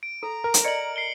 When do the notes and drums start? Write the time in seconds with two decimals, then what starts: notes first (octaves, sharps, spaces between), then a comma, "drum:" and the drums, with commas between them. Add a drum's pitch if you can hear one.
0.03 D7
0.23 A4 A#5
0.44 A#4
0.54 drum: hi-hat
0.64 D5 D#5 C#7 F#7
0.96 C7 D7 G7